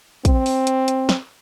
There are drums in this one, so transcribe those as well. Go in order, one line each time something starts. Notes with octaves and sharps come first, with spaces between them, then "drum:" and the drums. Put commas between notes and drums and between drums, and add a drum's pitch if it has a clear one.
C4, drum: kick, hi-hat
drum: open hi-hat
drum: hi-hat
drum: hi-hat
drum: snare